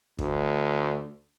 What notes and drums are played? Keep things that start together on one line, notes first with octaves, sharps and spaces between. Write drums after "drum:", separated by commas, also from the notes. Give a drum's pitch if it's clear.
D2, drum: kick